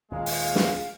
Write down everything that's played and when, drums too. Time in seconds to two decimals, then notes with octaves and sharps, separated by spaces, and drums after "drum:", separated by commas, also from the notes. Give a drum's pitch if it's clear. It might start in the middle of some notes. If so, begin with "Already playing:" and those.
0.11 D#2 A#2 D#3 G#3 F4 G#4 F5
0.26 drum: open hi-hat
0.55 drum: snare